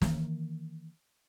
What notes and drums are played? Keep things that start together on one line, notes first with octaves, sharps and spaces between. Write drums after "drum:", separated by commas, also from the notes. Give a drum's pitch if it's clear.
D#3 E3 A3 A#3, drum: snare